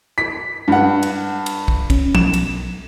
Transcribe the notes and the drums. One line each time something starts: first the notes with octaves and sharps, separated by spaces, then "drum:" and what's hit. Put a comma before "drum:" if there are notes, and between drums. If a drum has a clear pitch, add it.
B6
G2 F#5
drum: cymbal
drum: cymbal
drum: kick
C#4, drum: kick, cymbal
B1 E7, drum: tom
drum: cymbal